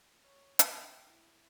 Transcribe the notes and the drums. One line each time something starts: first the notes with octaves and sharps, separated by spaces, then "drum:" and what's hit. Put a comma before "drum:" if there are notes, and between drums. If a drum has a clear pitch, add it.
C#5
drum: hi-hat
G5
E4